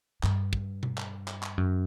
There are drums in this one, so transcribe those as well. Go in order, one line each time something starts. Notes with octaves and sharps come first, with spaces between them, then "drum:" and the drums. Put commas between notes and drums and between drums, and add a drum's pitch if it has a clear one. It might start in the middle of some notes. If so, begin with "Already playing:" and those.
G2, drum: clap
drum: kick
drum: tom B2
drum: clap
drum: clap
drum: clap
F#2